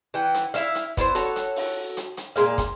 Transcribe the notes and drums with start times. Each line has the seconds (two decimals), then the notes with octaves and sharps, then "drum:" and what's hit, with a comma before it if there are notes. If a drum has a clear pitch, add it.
0.14 E3 F#5 G5
0.34 drum: hi-hat
0.54 E4 E5 F5, drum: hi-hat
0.75 drum: hi-hat
0.97 B3 E4 A4 C5, drum: kick, hi-hat
1.15 F#4 A4 C#5, drum: hi-hat
1.36 drum: hi-hat
1.56 drum: open hi-hat
1.97 drum: hi-hat
2.17 drum: hi-hat
2.36 A#2 C#3 G#3 F5, drum: hi-hat
2.58 drum: kick, hi-hat